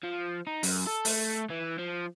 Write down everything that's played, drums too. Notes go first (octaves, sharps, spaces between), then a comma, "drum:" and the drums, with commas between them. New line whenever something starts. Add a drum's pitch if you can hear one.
F3
D#4
F#2, drum: open hi-hat
A4
A3, drum: open hi-hat
E3
F3